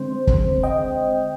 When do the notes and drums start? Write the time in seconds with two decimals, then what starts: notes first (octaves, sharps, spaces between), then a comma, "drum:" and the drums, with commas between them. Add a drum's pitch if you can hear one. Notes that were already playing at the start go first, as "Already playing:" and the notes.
Already playing: D3 G#3 C4 C5
0.27 drum: kick
0.63 D#5 G5